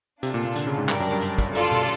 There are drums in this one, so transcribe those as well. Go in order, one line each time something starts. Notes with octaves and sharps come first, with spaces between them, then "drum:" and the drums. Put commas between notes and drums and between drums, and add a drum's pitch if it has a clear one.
C3 D4 F4 A4, drum: hi-hat
A#2
A#2
D3, drum: hi-hat
C#3
G#2
G2 D4 G4 A#4 D5, drum: clap
F#2
G2
drum: hi-hat
drum: kick, hi-hat
F4 A4 D5, drum: hi-hat
drum: tom B2